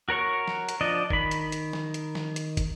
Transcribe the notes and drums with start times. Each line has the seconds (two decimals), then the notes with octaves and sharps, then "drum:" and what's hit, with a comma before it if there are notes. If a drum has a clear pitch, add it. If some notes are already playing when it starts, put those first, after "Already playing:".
0.09 F#4 A#4 C#5 C#6
0.48 drum: snare
0.69 drum: hi-hat
0.81 F3 D4 D5 D#5
1.10 D#3 B5, drum: kick
1.31 drum: hi-hat
1.52 drum: hi-hat
1.73 drum: snare
1.94 drum: hi-hat
2.15 drum: snare
2.36 drum: hi-hat
2.57 drum: kick, hi-hat